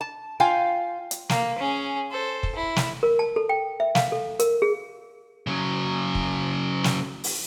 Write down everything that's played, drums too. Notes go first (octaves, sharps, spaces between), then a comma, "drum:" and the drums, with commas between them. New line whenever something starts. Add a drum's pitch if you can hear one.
A5
F4 F5 G5 G#5
drum: hi-hat
A#3, drum: snare
C#4 G#4
A4 C5
drum: kick
E4
drum: snare
A#4
A5
A4
G5
E5
F5, drum: snare
A4
A#4, drum: hi-hat
G#4
C#3 F#3
drum: kick
drum: snare
drum: open hi-hat